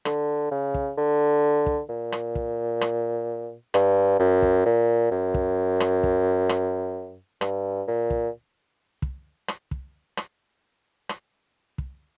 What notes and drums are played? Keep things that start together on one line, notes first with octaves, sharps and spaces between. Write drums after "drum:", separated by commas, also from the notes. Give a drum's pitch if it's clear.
D3, drum: rim click
C#3
drum: kick
D3
drum: kick
A#2
drum: rim click
drum: kick
drum: rim click
G2, drum: rim click
F#2
drum: kick
A#2
F#2
drum: kick
drum: rim click
drum: kick
drum: rim click
G2, drum: rim click
A#2
drum: kick
drum: kick
drum: rim click
drum: kick
drum: rim click
drum: rim click
drum: kick